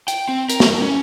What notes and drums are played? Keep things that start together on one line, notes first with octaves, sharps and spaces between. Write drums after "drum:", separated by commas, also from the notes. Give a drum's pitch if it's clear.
G5, drum: hi-hat
C4
A#4, drum: hi-hat
drum: snare
C#4